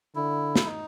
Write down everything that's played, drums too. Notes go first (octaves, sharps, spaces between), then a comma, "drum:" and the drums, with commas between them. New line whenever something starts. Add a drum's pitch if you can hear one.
D3 E4
drum: snare
D#4